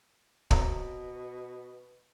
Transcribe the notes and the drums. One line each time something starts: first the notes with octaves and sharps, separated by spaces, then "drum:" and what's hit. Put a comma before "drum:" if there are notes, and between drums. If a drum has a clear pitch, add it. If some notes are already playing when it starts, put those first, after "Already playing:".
B2 C4 C#5 A#5, drum: kick